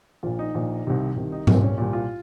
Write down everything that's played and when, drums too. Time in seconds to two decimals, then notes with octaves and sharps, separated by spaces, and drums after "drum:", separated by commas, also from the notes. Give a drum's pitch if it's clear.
0.23 A#1 A#2 F4
0.39 D#4
0.54 A#1 A#2
0.85 C2 C3 D#3
1.16 C2 C3 D#3
1.32 D#4
1.47 C2 A#2 C4, drum: tom G#2
1.62 C#4
1.78 C2 A#2
1.93 F4